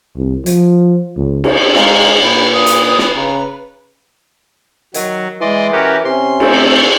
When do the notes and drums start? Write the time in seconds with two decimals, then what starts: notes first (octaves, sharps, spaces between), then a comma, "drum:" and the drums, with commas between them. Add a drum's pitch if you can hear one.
0.17 C2
0.46 F3, drum: hi-hat
1.17 C#2
1.44 drum: cymbal
1.75 G#3 F5 A#5, drum: snare
2.23 A#2 B4 B5
2.53 D#6
2.66 drum: hi-hat
2.99 drum: snare
3.16 C#3 A#5
4.94 D#3 F#3, drum: hi-hat
5.41 E3 G#3 D5 D#5 C6
5.72 C#4 F#4 G4 A#4
6.05 C3 C#4 C6
6.40 A3 C4, drum: cymbal